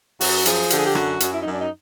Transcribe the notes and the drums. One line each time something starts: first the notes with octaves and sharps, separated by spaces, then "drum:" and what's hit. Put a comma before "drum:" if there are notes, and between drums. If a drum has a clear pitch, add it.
F#2 F#4, drum: open hi-hat
F3 G#4, drum: hi-hat
D3 G4, drum: hi-hat
G#4
G4
F#2 F#4, drum: rim click
F#2, drum: hi-hat
E4
F#2 D#4
D4
D#4